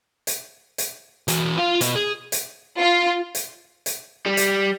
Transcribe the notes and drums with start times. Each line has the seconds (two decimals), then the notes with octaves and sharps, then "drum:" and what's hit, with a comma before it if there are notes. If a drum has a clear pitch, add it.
0.27 drum: hi-hat
0.78 drum: hi-hat
1.28 E3 F#4, drum: hi-hat
1.58 F4 F5
1.81 B2 B3, drum: hi-hat
1.96 G#4
2.32 drum: hi-hat
2.79 F4
3.35 drum: hi-hat
3.86 drum: hi-hat
4.26 G3
4.37 drum: hi-hat